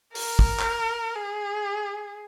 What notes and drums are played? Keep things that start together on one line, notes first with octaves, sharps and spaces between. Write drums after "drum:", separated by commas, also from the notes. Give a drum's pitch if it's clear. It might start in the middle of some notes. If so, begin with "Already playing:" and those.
A#4, drum: open hi-hat
drum: kick
drum: clap
G#4